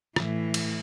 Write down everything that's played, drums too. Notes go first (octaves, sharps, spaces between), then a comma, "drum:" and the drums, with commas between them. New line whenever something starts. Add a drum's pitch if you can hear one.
A2 E3, drum: rim click
drum: cymbal